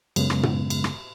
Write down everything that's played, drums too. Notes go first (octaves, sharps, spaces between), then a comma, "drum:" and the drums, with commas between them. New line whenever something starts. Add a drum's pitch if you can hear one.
F#2 C#3 G#3 B3, drum: cymbal
drum: rim click
drum: tom
drum: cymbal
drum: rim click